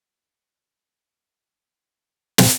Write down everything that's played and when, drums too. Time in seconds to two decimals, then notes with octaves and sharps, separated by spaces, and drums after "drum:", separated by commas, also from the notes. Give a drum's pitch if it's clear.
0.09 G#2 D#3 G#3 B3 D#4 F#5
0.68 A2 F#3 A#3 F#5
1.28 A#2 G3 A#3
1.87 B2 G#3 B3 F#5
2.38 drum: snare